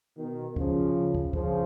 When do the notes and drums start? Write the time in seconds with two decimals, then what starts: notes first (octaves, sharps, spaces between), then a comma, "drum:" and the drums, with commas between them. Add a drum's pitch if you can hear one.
0.17 B2 D#3
0.56 C#3 F3, drum: kick
1.15 drum: kick
1.33 C#3 F3, drum: kick